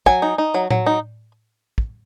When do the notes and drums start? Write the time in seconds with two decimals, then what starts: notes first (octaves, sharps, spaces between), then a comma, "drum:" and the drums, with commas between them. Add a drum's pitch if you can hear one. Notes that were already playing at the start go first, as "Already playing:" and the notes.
0.06 F#3 G#5, drum: kick
0.22 D#4
0.38 D#4
0.54 F#3
0.71 F#3, drum: tom A2
0.86 D#4
1.78 drum: kick